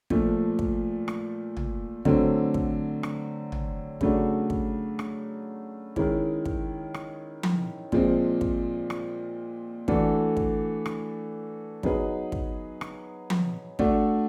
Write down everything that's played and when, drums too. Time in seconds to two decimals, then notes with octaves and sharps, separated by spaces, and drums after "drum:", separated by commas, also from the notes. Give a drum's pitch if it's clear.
0.10 A#2 F3 A3, drum: kick
0.59 drum: kick
1.08 drum: rim click
1.57 drum: tom
2.05 D3 F#3 A3 C4, drum: kick
2.54 drum: kick
3.03 drum: rim click
3.52 drum: tom
4.01 C#3 F#3 A3 D4 F#4, drum: kick
4.50 drum: kick
4.99 drum: rim click
5.96 D#3 G#3 C#4 E4, drum: kick
6.46 drum: kick
6.94 drum: rim click
7.43 drum: tom F3
7.92 A#2 F3 G#3 C4, drum: kick
8.41 drum: kick
8.90 drum: rim click
9.88 E3 A3 D4 F#4 A4, drum: kick
10.37 drum: kick
10.86 drum: rim click
11.83 F#3 B3 D#4 G#4 B4, drum: kick
12.32 drum: kick
12.81 drum: rim click
13.30 drum: tom F3
13.79 A3 D4 F#4, drum: kick